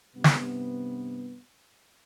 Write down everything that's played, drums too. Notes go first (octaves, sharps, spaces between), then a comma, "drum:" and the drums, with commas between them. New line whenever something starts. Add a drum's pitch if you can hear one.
G2 C3 B3
drum: snare